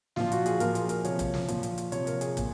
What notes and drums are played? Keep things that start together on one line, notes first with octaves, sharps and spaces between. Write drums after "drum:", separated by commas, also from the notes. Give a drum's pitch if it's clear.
A#2 F3 F4, drum: snare
F#4, drum: hi-hat
G#4, drum: hi-hat
A#2 F3 A#4, drum: hi-hat
G#4, drum: hi-hat
A#4, drum: hi-hat
C3 F3 C#5, drum: hi-hat
drum: kick, hi-hat
drum: snare
A#2 F3, drum: hi-hat
drum: hi-hat
drum: hi-hat
C3 F3 C#5, drum: hi-hat
A#4, drum: hi-hat
G#4, drum: hi-hat
A#2, drum: kick, hi-hat